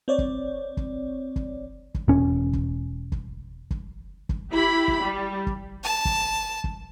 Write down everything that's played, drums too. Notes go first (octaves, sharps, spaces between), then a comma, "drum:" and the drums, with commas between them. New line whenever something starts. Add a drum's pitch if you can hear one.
C4 C#5 D5
drum: kick
drum: kick
drum: kick
drum: kick
E1 C#4
drum: kick
drum: kick
drum: kick
drum: kick
E4 G4 B5
drum: kick
G3
drum: kick
A5
drum: kick
drum: kick